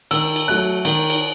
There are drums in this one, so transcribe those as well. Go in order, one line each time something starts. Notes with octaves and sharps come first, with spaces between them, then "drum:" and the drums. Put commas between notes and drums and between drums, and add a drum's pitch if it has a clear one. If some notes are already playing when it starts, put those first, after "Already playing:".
D#3 E6, drum: cymbal
drum: cymbal
F#3 A3 F#6
D#3, drum: cymbal
drum: cymbal